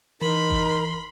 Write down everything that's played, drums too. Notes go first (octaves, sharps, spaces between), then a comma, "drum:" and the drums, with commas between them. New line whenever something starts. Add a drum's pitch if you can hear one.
E3 D#4 A#4 B5 C6
drum: kick G1